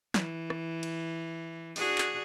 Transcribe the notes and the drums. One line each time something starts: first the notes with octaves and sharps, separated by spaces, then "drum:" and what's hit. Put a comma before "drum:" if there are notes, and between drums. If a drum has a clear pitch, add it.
E3, drum: snare
drum: rim click
drum: cymbal
D4 F#4 G#4, drum: open hi-hat
drum: clap